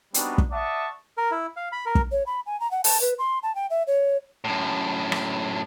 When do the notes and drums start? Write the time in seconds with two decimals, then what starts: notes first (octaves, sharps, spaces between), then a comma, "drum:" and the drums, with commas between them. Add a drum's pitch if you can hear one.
0.14 G3 B3 C4 D4 D#4 F#4, drum: hi-hat
0.38 drum: kick
0.52 D5 E5 F#5 A5 C#6 D#6
1.18 A#4
1.31 E4
1.56 F5
1.72 B5
1.86 A#4
1.95 drum: kick
2.12 C#5
2.26 B5
2.46 G#5
2.60 A#5
2.71 F#5
2.84 A5, drum: open hi-hat
3.01 B4
3.19 C6
3.43 A5
3.55 G5
3.70 E5
3.87 C#5
4.45 F#2 A2
5.12 drum: rim click